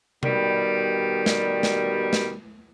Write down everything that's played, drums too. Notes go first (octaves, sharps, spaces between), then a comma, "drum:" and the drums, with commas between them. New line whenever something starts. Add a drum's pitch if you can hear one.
B2 D#3 G3, drum: tom C3
drum: snare
drum: snare
drum: snare